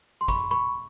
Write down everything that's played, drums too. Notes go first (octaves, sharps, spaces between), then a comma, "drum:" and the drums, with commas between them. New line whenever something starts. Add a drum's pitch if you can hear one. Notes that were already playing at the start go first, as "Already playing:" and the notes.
C6
B5 C#6, drum: kick G1, hi-hat
B5 C#6